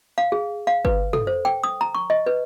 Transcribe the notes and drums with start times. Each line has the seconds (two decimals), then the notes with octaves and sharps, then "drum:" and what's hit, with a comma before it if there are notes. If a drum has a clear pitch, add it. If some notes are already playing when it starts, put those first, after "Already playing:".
0.18 F5
0.32 G#4
0.67 F5
0.85 B4, drum: kick G1
1.13 A4, drum: tom
1.27 C5
1.45 G5
1.64 D#6
1.81 A#5
1.95 C#6
2.10 D#5
2.26 B4